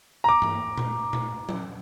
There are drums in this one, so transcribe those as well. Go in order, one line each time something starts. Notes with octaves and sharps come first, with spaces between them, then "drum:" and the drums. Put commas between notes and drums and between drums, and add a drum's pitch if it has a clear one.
A#5 D6
drum: tom G2
drum: tom A#2
drum: tom A#2
drum: tom F#3